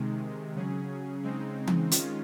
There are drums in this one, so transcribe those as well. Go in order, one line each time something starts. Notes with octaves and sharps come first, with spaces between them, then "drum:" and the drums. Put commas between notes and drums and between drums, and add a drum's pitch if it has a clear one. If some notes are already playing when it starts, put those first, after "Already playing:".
Already playing: C3 D#3 G#3
C#3 F#3 C#4 G#4
C#3 G#3 C4 D#4
drum: tom E3
D#3 G#3 C#4 F4, drum: hi-hat